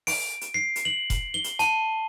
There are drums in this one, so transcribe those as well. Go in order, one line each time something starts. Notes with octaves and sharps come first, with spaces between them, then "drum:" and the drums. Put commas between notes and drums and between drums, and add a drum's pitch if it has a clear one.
D7, drum: open hi-hat
drum: hi-hat
C7
drum: hi-hat
F#7
drum: kick F1, hi-hat
G7
drum: hi-hat
A5, drum: hi-hat